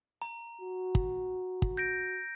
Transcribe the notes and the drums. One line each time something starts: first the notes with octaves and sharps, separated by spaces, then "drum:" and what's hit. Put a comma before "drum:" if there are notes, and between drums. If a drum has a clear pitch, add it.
A#5
F#4
drum: kick
drum: kick
G6 A#6 D7